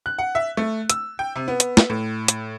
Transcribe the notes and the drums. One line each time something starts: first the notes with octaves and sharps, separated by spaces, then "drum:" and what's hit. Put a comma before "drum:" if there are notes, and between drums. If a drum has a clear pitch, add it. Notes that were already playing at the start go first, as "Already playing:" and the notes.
F#6
F#5
E5
A3
E6, drum: hi-hat
G5
C3
B3
drum: hi-hat
drum: snare
A2
drum: hi-hat